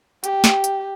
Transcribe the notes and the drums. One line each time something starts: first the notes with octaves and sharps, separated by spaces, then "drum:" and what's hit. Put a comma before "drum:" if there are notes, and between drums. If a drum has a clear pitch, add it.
G4, drum: hi-hat
drum: snare
drum: hi-hat